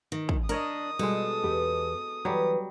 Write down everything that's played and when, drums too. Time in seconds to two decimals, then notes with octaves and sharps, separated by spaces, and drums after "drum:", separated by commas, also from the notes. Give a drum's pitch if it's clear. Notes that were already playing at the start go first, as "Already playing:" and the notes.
0.12 D#3
0.29 drum: kick
0.49 D4 A#4 C#5 D#5 D#6, drum: hi-hat
0.99 B2 G3 G#3 A4
1.43 E2 G4 B4
2.25 E3 F#3 G3 B4